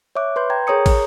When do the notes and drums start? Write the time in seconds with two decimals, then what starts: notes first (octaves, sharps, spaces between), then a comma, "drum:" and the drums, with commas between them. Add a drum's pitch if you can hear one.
0.15 C#5 E5 D6 F#6
0.36 B4 C6 G6
0.50 G5 A#5 G#6
0.67 G#4 A#4 C#5 A#5 D#6 C#7
0.86 drum: kick, cymbal